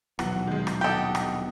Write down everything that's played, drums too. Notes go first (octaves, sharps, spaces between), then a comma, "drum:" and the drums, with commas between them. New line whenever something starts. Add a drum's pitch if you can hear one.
D#1 B2 E3 F#3 F#5, drum: rim click
D#3 G#3
drum: rim click
G4 A4 D#5 F#5 G5
drum: rim click